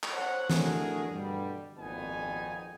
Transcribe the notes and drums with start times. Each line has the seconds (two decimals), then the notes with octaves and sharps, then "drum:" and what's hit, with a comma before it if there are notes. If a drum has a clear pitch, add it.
0.03 drum: clap
0.13 C5 C#5 F#5
0.50 A3 D4 E4 F#4 G#4 A#4, drum: snare
1.11 G2 B2 D3 G3
1.76 G#1 F2 A#2 B3 D#4 G#5